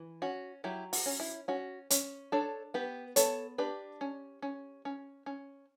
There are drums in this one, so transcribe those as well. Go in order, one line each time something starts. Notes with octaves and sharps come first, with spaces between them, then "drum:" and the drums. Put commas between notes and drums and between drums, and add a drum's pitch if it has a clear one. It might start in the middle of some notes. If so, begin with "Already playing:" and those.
Already playing: E3
C#4 F#4
F#3 E4 G4
F#4, drum: open hi-hat
C#4
E4
C#4 F#4
C#4, drum: hi-hat
D4 A4 C#5
B3 G4 B4
B3 A4 C#5, drum: hi-hat
D4 G4 B4
C#4
C#4
C#4
C#4